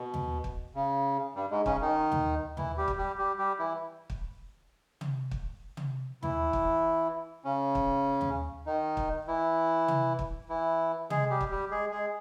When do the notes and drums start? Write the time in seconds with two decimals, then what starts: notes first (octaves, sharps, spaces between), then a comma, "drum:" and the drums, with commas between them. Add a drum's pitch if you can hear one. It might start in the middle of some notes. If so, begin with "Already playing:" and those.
Already playing: B2
0.14 drum: tom D#2
0.44 drum: kick
0.75 C#3
1.35 G2 G3
1.51 G#2 G#3
1.66 C#3 C#4, drum: kick
1.81 D#3 D#4
2.12 drum: tom D#2
2.57 E3 E4, drum: tom D#2
2.77 G3 G4
2.88 drum: kick
2.98 G3 G4
3.18 G3 G4
3.38 G3 G4
3.59 E3 E4
4.10 drum: kick
5.01 drum: tom
5.31 drum: kick
5.77 drum: tom
6.23 E3 E4, drum: tom D#2
6.53 drum: kick
7.44 C#3 C#4
7.75 drum: kick
8.21 drum: tom D#2
8.66 D#3 D#4
8.97 drum: kick
9.27 E3 E4
9.88 drum: tom
10.19 drum: kick
10.49 E3 E4
11.10 G#3 G#4, drum: tom
11.30 G3 G4
11.41 drum: kick
11.51 G3 G4
11.71 G#3 G#4
11.91 G#3 G#4